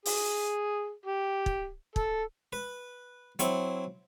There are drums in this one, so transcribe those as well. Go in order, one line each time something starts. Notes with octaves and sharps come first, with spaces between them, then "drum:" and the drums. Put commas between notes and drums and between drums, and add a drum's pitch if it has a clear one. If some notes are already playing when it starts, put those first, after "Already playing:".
G#4, drum: open hi-hat
G4
drum: kick
A4, drum: kick
B4
F#3 C4 E4, drum: hi-hat